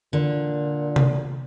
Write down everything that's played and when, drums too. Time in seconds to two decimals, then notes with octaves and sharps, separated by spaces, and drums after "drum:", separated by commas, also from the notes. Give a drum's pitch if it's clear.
0.13 A#2 D3
0.96 drum: tom C3